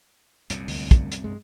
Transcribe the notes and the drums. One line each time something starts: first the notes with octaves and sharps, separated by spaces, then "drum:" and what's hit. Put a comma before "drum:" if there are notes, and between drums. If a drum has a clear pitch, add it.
C2 F#2 A#2, drum: hi-hat
D2, drum: open hi-hat
drum: kick, hi-hat
drum: hi-hat
G2 G#3